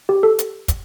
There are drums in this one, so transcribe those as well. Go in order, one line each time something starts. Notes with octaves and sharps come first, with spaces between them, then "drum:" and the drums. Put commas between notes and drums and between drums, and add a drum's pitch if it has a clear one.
G4
A4
drum: hi-hat
drum: kick, hi-hat